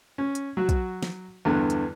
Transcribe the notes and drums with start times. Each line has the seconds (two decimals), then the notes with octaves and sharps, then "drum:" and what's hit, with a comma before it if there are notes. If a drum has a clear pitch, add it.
0.18 C#4
0.35 drum: hi-hat
0.57 F#3 F#4
0.69 drum: kick, hi-hat
1.03 drum: snare
1.45 E2 G2 D3 B3
1.70 drum: hi-hat